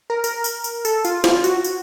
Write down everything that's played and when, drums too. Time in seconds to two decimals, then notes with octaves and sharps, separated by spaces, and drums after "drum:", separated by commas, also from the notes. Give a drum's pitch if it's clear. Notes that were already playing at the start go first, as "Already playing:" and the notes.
0.10 A#4
0.24 A#4, drum: tambourine
0.44 drum: tambourine
0.64 drum: tambourine
0.85 A4, drum: tambourine
1.05 F4, drum: tambourine
1.24 F4, drum: snare
1.44 F#4, drum: tambourine
1.64 drum: tambourine